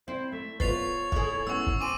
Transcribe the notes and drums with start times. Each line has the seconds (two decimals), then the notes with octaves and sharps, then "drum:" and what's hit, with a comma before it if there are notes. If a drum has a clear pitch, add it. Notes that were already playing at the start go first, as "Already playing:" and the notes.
0.08 C4 E4 C5
0.32 A3 E5
0.60 B3 F4 B4 C#5 A6 C7 F7, drum: kick
1.12 E4 G#4, drum: kick
1.47 B3 C#4 F#5 C#6 E6
1.67 drum: kick
1.81 C4 G#5 D6 D#7